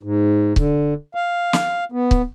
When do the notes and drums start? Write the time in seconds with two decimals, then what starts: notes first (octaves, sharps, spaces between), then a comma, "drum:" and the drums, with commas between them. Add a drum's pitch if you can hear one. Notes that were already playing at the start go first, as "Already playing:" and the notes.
0.03 G#2
0.56 D3, drum: kick C#1
1.15 F5
1.53 drum: snare
1.92 B3
2.11 drum: kick C#1